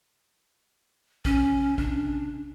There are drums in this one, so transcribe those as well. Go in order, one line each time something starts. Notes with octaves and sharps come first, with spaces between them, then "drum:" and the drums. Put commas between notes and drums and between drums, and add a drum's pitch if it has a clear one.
C#4, drum: kick A#1
D4, drum: kick A#1